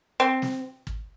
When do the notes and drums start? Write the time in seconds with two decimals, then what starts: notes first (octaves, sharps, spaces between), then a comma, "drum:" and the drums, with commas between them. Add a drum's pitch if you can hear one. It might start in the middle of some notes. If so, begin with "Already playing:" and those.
0.20 C4
0.42 drum: snare
0.87 drum: kick